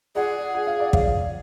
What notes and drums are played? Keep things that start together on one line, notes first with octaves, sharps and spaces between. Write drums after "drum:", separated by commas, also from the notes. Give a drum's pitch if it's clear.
G#4 D5 F#5
F#5
F5
D5
C#5 F5, drum: kick